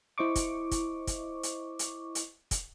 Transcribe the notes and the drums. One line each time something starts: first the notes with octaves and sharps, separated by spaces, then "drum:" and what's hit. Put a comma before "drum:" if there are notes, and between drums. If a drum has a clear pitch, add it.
E4 C5 D#5 C#6 D6
drum: kick, hi-hat
drum: kick, hi-hat
drum: kick, hi-hat
drum: hi-hat
drum: hi-hat
drum: hi-hat
drum: kick, hi-hat